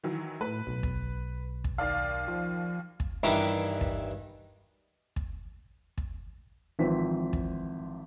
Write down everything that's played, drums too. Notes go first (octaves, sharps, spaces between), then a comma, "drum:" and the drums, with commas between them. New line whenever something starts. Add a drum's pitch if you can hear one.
D#3 E3 F#3
A2 B4
B1
drum: kick
drum: kick
D#2 D5 F5
F3
drum: kick
G2 D#3 E3 D#4 E4 D6
drum: kick
drum: kick
drum: kick
G#1 E3 F3 C4 B6
drum: kick